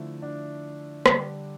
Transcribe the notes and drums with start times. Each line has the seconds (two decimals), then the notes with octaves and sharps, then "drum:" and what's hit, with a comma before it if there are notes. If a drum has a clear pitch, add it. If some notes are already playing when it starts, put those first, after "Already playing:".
Already playing: D3 F3 A3 E4
0.22 D4
1.06 D3 G3, drum: rim click